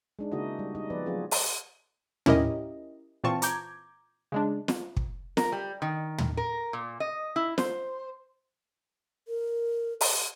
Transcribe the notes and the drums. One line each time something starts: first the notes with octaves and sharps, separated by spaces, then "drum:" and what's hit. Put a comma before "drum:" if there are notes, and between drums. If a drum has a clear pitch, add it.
G#3 D4 D#4
C#3 A#3 D#4 E4 F#4 D#5
G3
G3 D#4 D#5
F3 B3 B4 D5
F3 F#3 B3 C4 F4 G#4
drum: open hi-hat
C#4 E4 G4 A#4 D#5, drum: tom
A#2 E3 C4 F4 A5 C#6
A#5 D6 G6 G#6, drum: hi-hat
C#3 G#3 D4
drum: snare
drum: kick
A#4, drum: snare
G3
D#3
drum: tom
A#4
A#2
D#5
E4
C5, drum: snare
A#4
drum: open hi-hat